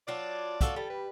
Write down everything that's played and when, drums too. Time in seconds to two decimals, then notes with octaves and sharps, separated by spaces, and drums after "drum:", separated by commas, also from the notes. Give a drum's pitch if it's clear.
0.08 F#3 D4 F4 D5
0.61 F4 F#4 A4, drum: kick, hi-hat
0.76 G3 A4
0.90 B4